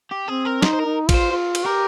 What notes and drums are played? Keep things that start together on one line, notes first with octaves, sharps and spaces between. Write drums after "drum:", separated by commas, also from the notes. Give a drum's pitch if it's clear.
G4
C4 G#4
A#4
D#4 C5, drum: snare
C5
A#4
D#4
F4, drum: kick, cymbal
C5
F4
drum: cymbal
G4 A#4